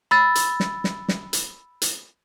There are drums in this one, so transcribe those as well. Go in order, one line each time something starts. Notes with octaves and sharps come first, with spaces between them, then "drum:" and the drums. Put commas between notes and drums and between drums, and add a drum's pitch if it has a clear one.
B5 E6 A6
drum: hi-hat
drum: snare
drum: snare
drum: snare
drum: hi-hat
drum: hi-hat